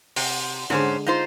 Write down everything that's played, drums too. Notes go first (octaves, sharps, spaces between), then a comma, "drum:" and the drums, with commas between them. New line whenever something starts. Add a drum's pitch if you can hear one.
C3, drum: open hi-hat
G#2 D3 G#3 C#4 C5
D#4 F4 C5